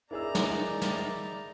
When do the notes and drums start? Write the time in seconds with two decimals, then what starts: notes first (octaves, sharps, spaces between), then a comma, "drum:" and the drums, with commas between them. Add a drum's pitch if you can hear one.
0.11 D#4 E4 G#4 A#4 D5 E5 A#5 E6
0.35 drum: snare
0.82 drum: snare